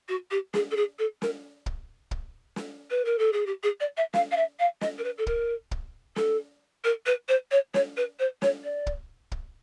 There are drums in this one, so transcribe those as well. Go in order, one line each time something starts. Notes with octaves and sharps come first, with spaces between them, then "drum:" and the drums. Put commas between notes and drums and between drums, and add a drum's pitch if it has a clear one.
F#4
G4
G#4, drum: snare
A4
G#4
A4
A#4, drum: snare
drum: kick
drum: kick
drum: snare
B4
A#4
A4
G#4
G4
G#4
D5
E5
F5, drum: snare
F5
E5
F5
D#5, drum: snare
A#4
B4
A4
A#4, drum: kick
drum: kick
A4, drum: snare
A#4
B4
C5
C#5
C#5, drum: snare
B4
C5
C#5, drum: snare
D5
drum: kick
drum: kick